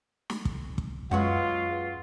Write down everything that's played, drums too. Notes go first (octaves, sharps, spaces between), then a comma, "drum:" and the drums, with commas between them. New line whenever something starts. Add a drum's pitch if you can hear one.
drum: snare
drum: kick
drum: kick
F#2 F#3 G#3 B3 F4 B4 C#5 F#5